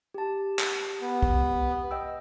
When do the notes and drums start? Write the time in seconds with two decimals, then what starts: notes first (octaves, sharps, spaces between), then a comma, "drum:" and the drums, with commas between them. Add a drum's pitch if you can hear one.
0.14 G4 A5
0.59 drum: clap
1.01 B3
1.22 drum: kick
1.91 D#5 G5 E6